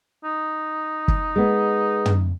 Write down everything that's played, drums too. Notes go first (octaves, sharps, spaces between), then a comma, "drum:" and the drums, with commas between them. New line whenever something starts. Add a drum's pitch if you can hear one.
D#4
drum: kick
G#3 B3
drum: tom